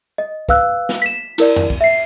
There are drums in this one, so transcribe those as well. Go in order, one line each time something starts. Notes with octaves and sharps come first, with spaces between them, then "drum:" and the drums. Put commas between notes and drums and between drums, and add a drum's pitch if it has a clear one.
D#5
B4 F5 E6 F#6, drum: kick
drum: snare
B6 E7
E4 A#4 D5, drum: cymbal
drum: tom F2
drum: kick
E5 C7